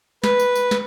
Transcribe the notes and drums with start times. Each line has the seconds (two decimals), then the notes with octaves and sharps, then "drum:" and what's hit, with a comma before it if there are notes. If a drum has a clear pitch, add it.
0.24 B4, drum: snare
0.39 drum: tambourine
0.55 drum: tambourine
0.71 drum: snare